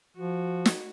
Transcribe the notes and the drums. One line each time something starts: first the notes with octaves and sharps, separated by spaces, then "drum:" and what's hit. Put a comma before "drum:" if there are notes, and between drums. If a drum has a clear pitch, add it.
F3 F#4
drum: snare